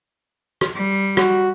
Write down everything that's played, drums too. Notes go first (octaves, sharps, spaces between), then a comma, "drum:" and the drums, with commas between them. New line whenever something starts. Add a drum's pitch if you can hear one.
drum: rim click
G3
F#4, drum: rim click